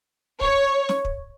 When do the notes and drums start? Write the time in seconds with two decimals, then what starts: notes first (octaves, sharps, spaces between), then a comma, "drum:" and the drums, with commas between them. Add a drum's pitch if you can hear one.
0.41 C#5, drum: kick
0.89 drum: snare
1.05 drum: kick